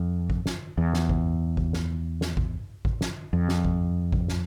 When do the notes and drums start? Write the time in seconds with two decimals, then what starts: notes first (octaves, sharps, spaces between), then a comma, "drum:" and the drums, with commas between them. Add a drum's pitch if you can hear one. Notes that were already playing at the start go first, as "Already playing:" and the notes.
Already playing: F2
0.30 drum: kick A1
0.46 drum: snare
0.78 E2
0.93 drum: snare
1.09 drum: kick A1
1.57 drum: kick A1
1.73 drum: snare
2.21 drum: snare
2.37 drum: kick A1
2.85 drum: kick A1
3.01 drum: snare
3.33 F2
3.49 drum: snare
3.65 drum: kick A1
4.12 drum: kick A1
4.28 drum: snare